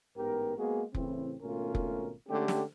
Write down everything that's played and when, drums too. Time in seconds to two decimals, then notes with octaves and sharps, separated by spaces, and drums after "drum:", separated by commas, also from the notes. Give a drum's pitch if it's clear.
0.18 A1 G#2 B3 G4 A#4
0.58 G#3 A#3 B3 F#4 G#4
0.94 A2 C#3 E3 C4, drum: kick F1
1.41 G#1 B2 A3 C#4 F4 A#4
1.75 drum: kick F1
2.29 D3 G#3 A3 C#4 G4
2.48 drum: snare